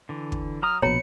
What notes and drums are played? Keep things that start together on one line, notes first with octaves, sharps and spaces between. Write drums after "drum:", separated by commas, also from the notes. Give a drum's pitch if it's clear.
D3 E3
drum: kick
F#3 A#5 D#6 F6
A#1 B2 C#5 A#5 B5 C#7